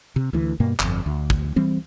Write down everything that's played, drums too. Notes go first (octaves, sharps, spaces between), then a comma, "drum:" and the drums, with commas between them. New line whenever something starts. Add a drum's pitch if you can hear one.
C3
D2 E3
G2 B2 A#3
G1 F2, drum: clap
D2
drum: kick
E3 G3 C4